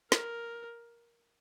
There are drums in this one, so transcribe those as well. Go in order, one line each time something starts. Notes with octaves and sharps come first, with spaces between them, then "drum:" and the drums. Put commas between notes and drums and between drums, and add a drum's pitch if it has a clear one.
A#4, drum: snare